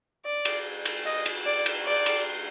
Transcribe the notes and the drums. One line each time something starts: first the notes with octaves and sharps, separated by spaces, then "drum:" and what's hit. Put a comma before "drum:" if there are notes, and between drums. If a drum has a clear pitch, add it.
D5
drum: cymbal
drum: cymbal
D#5
drum: cymbal
D5
drum: cymbal
D5
drum: cymbal